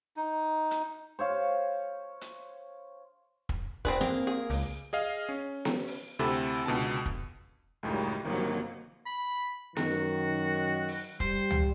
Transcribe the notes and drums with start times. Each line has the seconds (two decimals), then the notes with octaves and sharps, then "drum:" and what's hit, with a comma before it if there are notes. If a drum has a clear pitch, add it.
0.16 D#4
0.71 drum: hi-hat
1.19 C5 C#5 F5
2.21 drum: hi-hat
3.49 drum: kick
3.85 C4 G#4 B4, drum: kick
4.01 A#3 C4 G#4
4.27 G#4
4.50 C#2, drum: open hi-hat
4.93 G#4 D#5 F5
5.29 C#4
5.65 drum: snare B3
5.87 drum: open hi-hat
6.19 D2 C3 E4 A4 B5
6.66 C#2 B2 D3 A5
7.06 drum: kick
7.83 C#2 F#2 A2 D#3 G3
8.25 G1 C3 D#3 F3 F#3 A#3
9.06 B5
9.77 F#2 D#3 F#4, drum: snare B3
10.88 drum: open hi-hat
11.20 G3 C5, drum: kick
11.51 drum: tom C#2